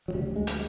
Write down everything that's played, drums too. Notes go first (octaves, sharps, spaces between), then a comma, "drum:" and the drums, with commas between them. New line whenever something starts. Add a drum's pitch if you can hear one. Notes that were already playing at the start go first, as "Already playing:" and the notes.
F#3
D2 C#3 G3
G#3
drum: hi-hat